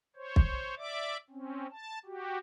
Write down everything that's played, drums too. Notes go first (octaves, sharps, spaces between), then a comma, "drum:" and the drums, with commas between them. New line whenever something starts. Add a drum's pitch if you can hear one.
C5 C#5
drum: kick
D5 E5 D6
C4 C#4
A5
F#4 G4